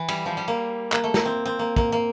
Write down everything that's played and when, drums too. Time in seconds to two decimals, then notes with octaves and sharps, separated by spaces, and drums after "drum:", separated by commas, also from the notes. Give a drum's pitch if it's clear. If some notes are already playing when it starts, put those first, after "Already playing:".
Already playing: E3
0.08 G3, drum: cymbal
0.26 F3
0.37 G3
0.48 A#3
0.92 A#3, drum: clap
1.04 A3
1.14 A#3, drum: snare
1.25 C4
1.46 C4
1.59 A#3
1.76 A#3, drum: kick
1.92 A#3